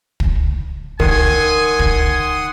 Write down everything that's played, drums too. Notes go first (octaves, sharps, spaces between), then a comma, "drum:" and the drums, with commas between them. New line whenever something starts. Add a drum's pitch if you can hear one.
drum: kick
D#3 A#4 F#5 G#5 C6 D#6, drum: kick
drum: kick